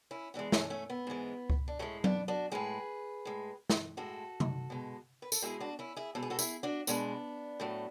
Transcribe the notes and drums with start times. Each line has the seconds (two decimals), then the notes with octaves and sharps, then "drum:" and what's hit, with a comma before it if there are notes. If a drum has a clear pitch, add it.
0.11 C#4 E4
0.34 G#2 E3 G#3 B3 D4
0.52 A3 C#4, drum: snare
0.70 A3 C#4
0.90 B3
1.07 G#2 E3 G#3
1.50 drum: kick C#2
1.68 D4
1.79 A2 G#3 A3 C#4
2.04 B3 D4, drum: tom F#3
2.28 D4 F#4
2.52 A2 G#3 G#4 B4
3.25 A2 G#3
3.70 drum: snare
3.97 A2 G#3 F#4 A4
4.40 drum: tom C3
4.70 B2 G#3
5.22 B4
5.32 A4, drum: tambourine
5.42 B2 G#3 E4 G#4
5.60 D4 F#4
5.79 C#4 E4
5.96 E4 G#4
6.15 B2 G#3 A4
6.23 G#4
6.30 F#4 A4
6.39 E4 G#4, drum: tambourine
6.63 D4 F#4
6.87 B2 G#3 B3 D4, drum: tambourine
7.60 A2 F#3 A3